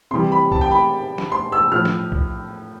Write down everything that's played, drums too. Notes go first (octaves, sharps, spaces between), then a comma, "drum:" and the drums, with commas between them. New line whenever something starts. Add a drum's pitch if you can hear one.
C3 E3 G3 C6
B5
A5, drum: kick B1
G5
B5
drum: snare
C6
E6
A2 F3 F6
drum: snare
drum: kick B1